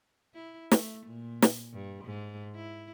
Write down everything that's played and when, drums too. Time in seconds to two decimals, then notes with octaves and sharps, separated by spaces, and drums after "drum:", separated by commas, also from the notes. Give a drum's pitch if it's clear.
0.34 E4
0.71 A3, drum: snare
1.07 A#2
1.42 drum: snare
1.73 G2
2.05 G#2
2.55 E4